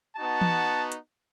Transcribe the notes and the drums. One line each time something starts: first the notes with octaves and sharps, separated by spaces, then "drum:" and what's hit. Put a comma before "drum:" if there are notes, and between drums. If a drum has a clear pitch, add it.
B3 D#4 F#4 A5
drum: tom E3
drum: hi-hat